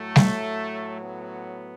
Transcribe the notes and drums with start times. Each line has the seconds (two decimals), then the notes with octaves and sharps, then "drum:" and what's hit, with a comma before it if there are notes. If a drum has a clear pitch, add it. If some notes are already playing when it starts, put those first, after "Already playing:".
Already playing: A2 F#3 A3
0.16 drum: snare G3
0.99 B3